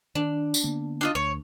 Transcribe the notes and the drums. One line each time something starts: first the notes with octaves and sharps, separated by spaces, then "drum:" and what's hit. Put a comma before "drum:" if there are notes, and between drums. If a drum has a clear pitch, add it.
D#3 D4
drum: tambourine
D3 A#3 B3
D4 F4 D#5
D2 C#5